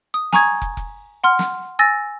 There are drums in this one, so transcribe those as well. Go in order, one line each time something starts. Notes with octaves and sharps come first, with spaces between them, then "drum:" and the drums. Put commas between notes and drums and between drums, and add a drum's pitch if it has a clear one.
D#6
G#5 A#5 C#6 D#6 G#6, drum: snare
drum: kick
drum: kick
F#5 C6 F6
drum: snare
G#5 E6 A6 A#6